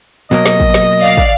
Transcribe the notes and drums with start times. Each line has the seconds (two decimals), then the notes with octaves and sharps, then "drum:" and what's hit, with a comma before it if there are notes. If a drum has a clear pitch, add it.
0.31 B2 F#3 A#3 D#5
0.46 drum: snare
0.60 drum: kick
0.74 drum: snare
1.00 D5 F5
1.17 drum: kick